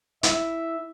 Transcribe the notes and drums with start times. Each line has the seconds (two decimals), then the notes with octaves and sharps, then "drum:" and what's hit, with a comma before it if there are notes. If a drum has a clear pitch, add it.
0.23 E4 E5, drum: hi-hat